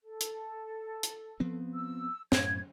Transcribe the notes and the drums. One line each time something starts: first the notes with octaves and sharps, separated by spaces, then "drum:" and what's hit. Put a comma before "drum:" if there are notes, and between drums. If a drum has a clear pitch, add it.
A4
drum: hi-hat
drum: hi-hat
F3 B3 C4
E6
F#2 A2 G#6, drum: snare